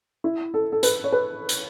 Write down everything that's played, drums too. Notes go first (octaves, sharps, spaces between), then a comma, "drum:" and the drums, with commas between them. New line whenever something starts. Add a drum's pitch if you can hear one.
E4
A4
A4
B4, drum: hi-hat
C#5
B4
drum: hi-hat